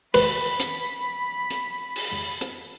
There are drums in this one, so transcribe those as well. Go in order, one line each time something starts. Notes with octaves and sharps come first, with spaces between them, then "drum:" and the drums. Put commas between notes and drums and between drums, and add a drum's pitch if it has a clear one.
B4 B5, drum: open hi-hat
drum: hi-hat
drum: hi-hat
drum: open hi-hat
drum: hi-hat